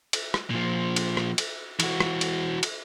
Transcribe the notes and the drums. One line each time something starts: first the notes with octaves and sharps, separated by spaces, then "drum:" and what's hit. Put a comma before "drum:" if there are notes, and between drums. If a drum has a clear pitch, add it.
drum: cymbal
drum: rim click
A#2 F3
drum: cymbal
drum: rim click
drum: cymbal
E3 F#4, drum: cymbal
drum: rim click
drum: cymbal
drum: cymbal